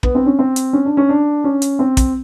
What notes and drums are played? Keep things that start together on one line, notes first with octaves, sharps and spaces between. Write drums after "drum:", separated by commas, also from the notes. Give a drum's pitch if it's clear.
B3, drum: kick
C4
C#4
C4
drum: hi-hat
C#4
D4
C#4
D4
C#4
drum: hi-hat
C4
drum: kick, hi-hat